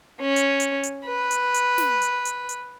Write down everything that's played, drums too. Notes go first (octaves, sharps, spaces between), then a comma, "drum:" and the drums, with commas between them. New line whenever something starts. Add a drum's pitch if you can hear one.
C#4
drum: hi-hat
drum: hi-hat
drum: hi-hat
B4
drum: hi-hat
drum: hi-hat
drum: snare
drum: hi-hat
drum: hi-hat
drum: hi-hat